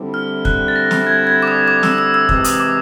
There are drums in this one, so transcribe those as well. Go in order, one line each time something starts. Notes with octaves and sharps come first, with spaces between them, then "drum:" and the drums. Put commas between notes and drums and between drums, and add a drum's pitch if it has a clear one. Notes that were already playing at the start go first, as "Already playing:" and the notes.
Already playing: D3 G3 C4 E4
F6
F#6, drum: kick
A6
A#6
drum: snare
G#6
G#6
D6
D#6
D6
E6, drum: snare
E6
E6
C3 E3 G#3 C4 E6, drum: kick
D#6, drum: hi-hat
D6